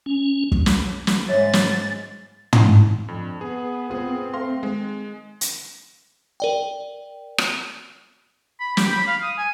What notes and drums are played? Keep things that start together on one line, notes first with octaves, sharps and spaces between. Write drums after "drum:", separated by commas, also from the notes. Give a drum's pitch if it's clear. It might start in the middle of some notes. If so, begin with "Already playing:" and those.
C#4
drum: kick
drum: snare
drum: snare
G#2 G#3 C#5 E5 A6
drum: snare
drum: tom
F2 D3
B3 G#4
B3 C4 F4 G#4
A3 F5 C6 A#6
D#3 G#3
drum: hi-hat
A#4 D5 G5
drum: rim click
B5
G4, drum: snare
B5
F5
D#6
G#5